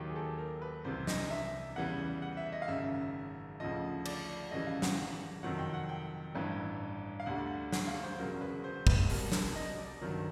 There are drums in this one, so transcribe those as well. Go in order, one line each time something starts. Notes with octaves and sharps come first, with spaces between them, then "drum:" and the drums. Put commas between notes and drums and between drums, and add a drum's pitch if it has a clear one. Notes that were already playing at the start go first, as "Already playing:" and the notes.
Already playing: D#2 D#3 F#3 G4
G#4
A4
A#4
B4
C2 C3 E3 C5
D#5, drum: snare
E5
E2 C#3 E3 G3 F#5
F#5
E5
D#5
F5
G#1 F#2 C#3 E5
D2 C#3 F3 D#5
D5, drum: cymbal
G#1 F#2 C#3 E3 G3 D#5
F5
F#5, drum: snare
F#5
F2 C3 D#3 F#3 F#5
G5
F#5
G5
A1 G2 E3
F5
D2 D3 G3 F#5
F#5, drum: snare
F5
C5
E1 E2 C#3 F#3 A#4
B4
C5
B4, drum: kick
C2 B2 G3 A#4, drum: open hi-hat
drum: snare
D#5
D5
G1 G2 D#3 F#3 A#4